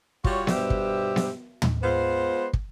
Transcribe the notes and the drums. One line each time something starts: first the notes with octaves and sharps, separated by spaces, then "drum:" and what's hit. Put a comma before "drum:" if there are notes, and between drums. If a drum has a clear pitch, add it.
G3 F4 F#4 C#5, drum: kick
G2 B2 G3 G4 C5 E5, drum: snare B3
drum: kick
drum: snare B3
drum: tom
G#3 B3 F4 C5
drum: kick